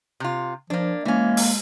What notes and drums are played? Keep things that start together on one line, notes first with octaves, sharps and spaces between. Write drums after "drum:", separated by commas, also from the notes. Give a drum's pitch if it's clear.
C3 F4
F3 A#3 D4
E3 G#3 A#3 C#4
drum: open hi-hat